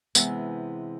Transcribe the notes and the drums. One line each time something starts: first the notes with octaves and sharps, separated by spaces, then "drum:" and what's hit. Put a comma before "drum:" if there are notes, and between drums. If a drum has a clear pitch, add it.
C3 E3 G#3 B3, drum: tambourine